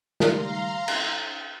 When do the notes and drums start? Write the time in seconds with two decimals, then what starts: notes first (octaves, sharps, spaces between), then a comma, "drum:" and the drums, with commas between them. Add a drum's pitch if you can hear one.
0.20 D#3 G3 F5 A#5 C6, drum: snare
0.88 drum: cymbal